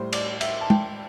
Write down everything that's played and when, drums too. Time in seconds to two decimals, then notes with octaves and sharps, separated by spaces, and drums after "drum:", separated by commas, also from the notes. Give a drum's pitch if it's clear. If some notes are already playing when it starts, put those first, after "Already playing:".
Already playing: A2 G3 C5
0.13 D5, drum: cymbal
0.41 E5, drum: cymbal
0.61 A5
0.70 G5, drum: tom